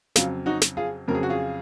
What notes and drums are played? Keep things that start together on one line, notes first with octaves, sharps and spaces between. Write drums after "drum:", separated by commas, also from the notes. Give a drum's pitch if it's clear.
F2 C#3 F#3 F4, drum: snare
D#4 F#4
drum: snare
F4 G#4
F2 C#3 F#3 A#4
G#4
F#4
F4 G#4